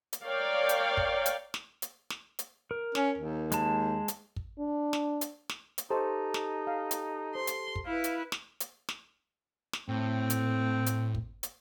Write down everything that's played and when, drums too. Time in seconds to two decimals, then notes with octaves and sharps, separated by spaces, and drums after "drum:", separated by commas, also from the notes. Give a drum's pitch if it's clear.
0.13 drum: hi-hat
0.24 A#4 C#5 D5 F5 G5
0.69 drum: hi-hat
0.97 drum: kick
1.26 drum: hi-hat
1.54 drum: snare
1.82 drum: hi-hat
2.10 drum: snare
2.39 drum: hi-hat
2.71 A#4
2.95 C#4, drum: snare
3.18 D#2
3.52 G#3 A5, drum: hi-hat
4.08 drum: hi-hat
4.36 drum: kick
4.59 D4
4.93 drum: snare
5.21 drum: hi-hat
5.49 drum: snare
5.78 drum: hi-hat
5.90 D#4 G4 A4 C5 D#5 A5 C#6
6.34 drum: snare
6.67 F5
6.91 drum: hi-hat
7.35 C5 C6
7.47 drum: hi-hat
7.76 drum: kick
7.86 E4 B4 F5
8.04 drum: hi-hat
8.32 drum: snare
8.60 drum: hi-hat
8.89 drum: snare
9.73 drum: snare
9.89 A2 C4
10.30 drum: hi-hat
10.86 drum: hi-hat
11.15 drum: kick
11.43 drum: hi-hat